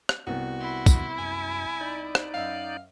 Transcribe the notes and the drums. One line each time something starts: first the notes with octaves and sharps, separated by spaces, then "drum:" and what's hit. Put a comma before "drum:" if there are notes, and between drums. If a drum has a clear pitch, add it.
drum: rim click
C2 B3 F#4
E4 C6
drum: kick, tambourine
F#2 G#5
D#4 D5
drum: rim click
F#2 D#5 F5 E6